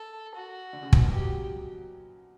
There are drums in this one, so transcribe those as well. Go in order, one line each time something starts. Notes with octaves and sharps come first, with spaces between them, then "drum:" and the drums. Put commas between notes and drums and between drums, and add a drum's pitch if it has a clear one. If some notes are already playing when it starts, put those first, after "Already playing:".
Already playing: A4
F#4
D3
C#3
B2, drum: kick
A#2
B2 G4
F#3